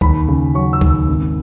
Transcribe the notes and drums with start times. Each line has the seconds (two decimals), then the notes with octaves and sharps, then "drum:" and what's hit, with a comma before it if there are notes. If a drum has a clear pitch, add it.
0.01 D#2 B5, drum: kick C2
0.28 C#3
0.55 F#3 C#6
0.73 E6
0.81 D#2, drum: kick C2
0.90 E6
1.08 G#1